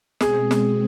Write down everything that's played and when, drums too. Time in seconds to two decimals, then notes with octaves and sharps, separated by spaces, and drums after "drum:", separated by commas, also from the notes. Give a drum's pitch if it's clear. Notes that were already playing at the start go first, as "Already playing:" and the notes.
0.20 B2 G#3 C4 G#4, drum: snare
0.51 drum: snare